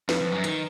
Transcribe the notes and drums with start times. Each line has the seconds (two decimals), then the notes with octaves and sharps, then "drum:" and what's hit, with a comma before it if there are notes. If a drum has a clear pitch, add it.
0.09 F2 B4, drum: snare
0.21 F2
0.32 F#2
0.44 D#3, drum: hi-hat